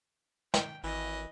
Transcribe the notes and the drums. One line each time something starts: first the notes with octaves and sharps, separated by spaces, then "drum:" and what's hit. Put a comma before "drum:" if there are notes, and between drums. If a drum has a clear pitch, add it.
G5, drum: snare
G#1 E3 D#5